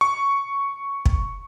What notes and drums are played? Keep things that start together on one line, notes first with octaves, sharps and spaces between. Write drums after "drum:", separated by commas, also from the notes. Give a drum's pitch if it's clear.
C#6
drum: kick